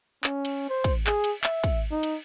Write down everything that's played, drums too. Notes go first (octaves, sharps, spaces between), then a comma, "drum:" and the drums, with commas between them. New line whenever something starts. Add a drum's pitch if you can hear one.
C#4, drum: clap
drum: cymbal
C5
drum: kick, cymbal
G#4, drum: clap
drum: cymbal
E5, drum: clap
drum: kick, cymbal
D#4
drum: cymbal